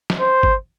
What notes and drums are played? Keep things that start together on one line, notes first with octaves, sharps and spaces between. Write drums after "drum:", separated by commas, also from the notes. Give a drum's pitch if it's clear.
drum: snare
C5
drum: kick G1